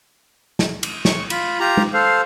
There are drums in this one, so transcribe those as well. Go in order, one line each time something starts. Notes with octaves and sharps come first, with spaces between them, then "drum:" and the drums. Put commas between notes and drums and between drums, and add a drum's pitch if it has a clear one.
drum: snare
drum: cymbal
C#6, drum: snare
F4 B5, drum: cymbal
F4 G4 A#5
drum: tom
A4 C5 F5